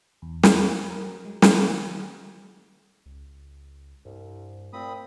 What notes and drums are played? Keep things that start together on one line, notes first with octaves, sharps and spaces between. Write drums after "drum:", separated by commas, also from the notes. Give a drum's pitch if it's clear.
E2
F2, drum: snare
B5
A#4
F#3
G#3
A#5, drum: snare
D#3
C#2
C2 G2
A#2 A3 C4 B5 D#6